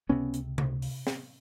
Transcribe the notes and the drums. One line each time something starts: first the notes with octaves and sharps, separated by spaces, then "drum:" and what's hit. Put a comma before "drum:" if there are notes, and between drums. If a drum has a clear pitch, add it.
C#2 C3 B3 C#4
drum: hi-hat
drum: tom C3
drum: open hi-hat
drum: snare